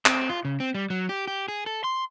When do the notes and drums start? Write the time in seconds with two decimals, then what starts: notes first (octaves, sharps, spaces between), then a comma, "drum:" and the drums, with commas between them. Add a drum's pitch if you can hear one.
0.06 C4, drum: clap
0.29 F4
0.45 C#3
0.60 C4
0.75 G3
0.90 F#3
1.09 G4
1.27 G4
1.48 G#4
1.66 A4
1.84 C6